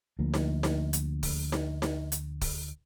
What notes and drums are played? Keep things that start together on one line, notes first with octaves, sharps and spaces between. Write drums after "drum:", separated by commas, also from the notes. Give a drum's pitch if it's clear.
D2 F3 A#3
drum: snare D#4
drum: snare D#4
drum: hi-hat
drum: kick, open hi-hat
drum: snare D#4
drum: snare D#4
drum: hi-hat
drum: kick, open hi-hat